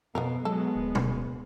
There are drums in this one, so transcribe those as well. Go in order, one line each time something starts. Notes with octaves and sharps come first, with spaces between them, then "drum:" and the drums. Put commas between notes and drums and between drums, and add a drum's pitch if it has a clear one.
F2 B2 B3 F4 A#4
F#3 G#3 B3 A4
D1
drum: tom B2